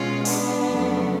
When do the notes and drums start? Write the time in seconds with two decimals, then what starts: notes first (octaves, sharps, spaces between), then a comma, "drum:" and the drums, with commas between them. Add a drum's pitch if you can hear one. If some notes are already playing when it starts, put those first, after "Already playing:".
Already playing: B2 G#3 C#4 F4
0.25 B3 D4, drum: open hi-hat
0.66 F2 C#3 F#3 A3